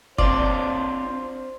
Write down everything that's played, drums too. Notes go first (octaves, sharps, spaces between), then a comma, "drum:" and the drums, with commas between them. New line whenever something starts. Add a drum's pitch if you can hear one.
C4 D4 F4 C5 D5, drum: kick F1